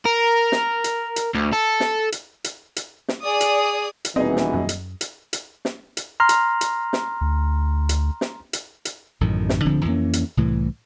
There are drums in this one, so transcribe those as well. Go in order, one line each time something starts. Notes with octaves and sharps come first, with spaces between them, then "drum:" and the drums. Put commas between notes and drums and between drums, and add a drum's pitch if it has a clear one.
A#4
drum: snare
drum: hi-hat
drum: hi-hat
D2
A4
drum: snare
drum: hi-hat
drum: hi-hat
drum: hi-hat
drum: snare
G#4 D5 D#6
drum: hi-hat
drum: hi-hat
D#1 B2 E3 C4 D#4 G#4 D#5
drum: snare
F#2
drum: hi-hat
drum: hi-hat
drum: hi-hat
drum: snare
drum: hi-hat
A#5 C6 F6
drum: hi-hat
drum: hi-hat
drum: snare
D2
drum: hi-hat
drum: snare
drum: hi-hat
drum: hi-hat
A1 F#2 A2 D#3
drum: snare
D1 D3 F3 C4
F2 E3 A#3 C#4
drum: hi-hat
C2 A2 E3